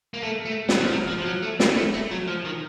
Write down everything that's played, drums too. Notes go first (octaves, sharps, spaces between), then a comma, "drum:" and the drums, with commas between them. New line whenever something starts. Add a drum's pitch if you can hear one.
A#3
A3
A3
F#3, drum: snare
F3
F#3
F3
F3
F#3
A3
A#3, drum: snare
A3
A3
F#3
F3
D#3